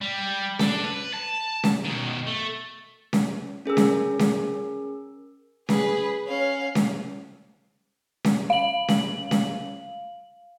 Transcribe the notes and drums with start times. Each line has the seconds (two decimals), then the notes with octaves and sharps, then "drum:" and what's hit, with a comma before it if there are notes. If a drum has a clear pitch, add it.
0.01 G3
0.59 D4 A4, drum: snare C#4
0.84 B4
1.14 A5
1.64 drum: snare C#4
1.85 B2 D#3
2.27 A3
3.13 drum: snare C#4
3.66 C#4 G#4 A#4 E6
3.77 drum: snare C#4
4.19 drum: snare C#4
5.69 G#4 B4, drum: snare C#4
6.26 C#4 F5
6.75 drum: snare C#4
8.24 drum: snare C#4
8.50 F5 F#7
8.88 drum: snare C#4
9.31 drum: snare C#4